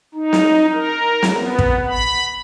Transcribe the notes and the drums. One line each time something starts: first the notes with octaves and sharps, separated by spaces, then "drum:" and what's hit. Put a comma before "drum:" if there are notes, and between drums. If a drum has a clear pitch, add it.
D#4
drum: snare
A#4
drum: snare
B3
drum: kick
B5